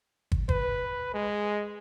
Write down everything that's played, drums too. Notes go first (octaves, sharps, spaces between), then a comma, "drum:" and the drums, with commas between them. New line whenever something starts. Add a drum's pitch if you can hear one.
drum: kick
B4, drum: kick
G#3